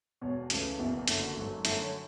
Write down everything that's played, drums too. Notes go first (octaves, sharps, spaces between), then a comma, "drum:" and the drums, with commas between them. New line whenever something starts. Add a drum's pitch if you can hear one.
E1 E2 B2 C#5
C#2 C#3 E3 A3, drum: hi-hat
F#1 E2 B2 E4
F#1 F#2 D3 A3 E4, drum: hi-hat
F#4
A1 G#2 F#3 A3
F#2 D3 A3 E4, drum: hi-hat
C#5